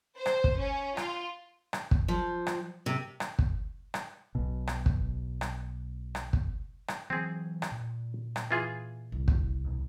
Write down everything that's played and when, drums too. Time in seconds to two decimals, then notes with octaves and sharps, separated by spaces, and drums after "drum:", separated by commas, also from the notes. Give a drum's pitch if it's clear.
0.16 C5
0.26 drum: rim click
0.44 drum: kick
0.59 C#4
0.97 F4, drum: rim click
1.73 drum: rim click
1.91 drum: kick
2.08 F3
2.47 drum: rim click
2.86 C3
3.20 drum: rim click
3.39 drum: kick
3.94 drum: rim click
4.35 B1 B2
4.67 drum: rim click
4.86 drum: kick
5.41 drum: rim click
6.15 drum: rim click
6.33 drum: kick
6.88 drum: rim click
7.10 E3 F#3 C4 G#4
7.62 drum: rim click
7.72 A#2
8.36 drum: rim click
8.51 E3 F4 G#4
9.12 C2
9.28 drum: kick
9.65 D#2 B2